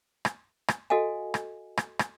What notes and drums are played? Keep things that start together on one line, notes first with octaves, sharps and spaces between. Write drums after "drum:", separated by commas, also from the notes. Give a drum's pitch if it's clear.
drum: rim click
drum: rim click
F#4 A4 D#5 F5 G#5
drum: rim click
drum: rim click
drum: rim click